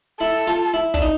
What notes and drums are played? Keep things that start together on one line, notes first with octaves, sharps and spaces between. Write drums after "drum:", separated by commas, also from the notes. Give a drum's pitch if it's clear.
E4 A4, drum: hi-hat
drum: hi-hat
F4
E4, drum: hi-hat
D4, drum: kick, hi-hat
D#4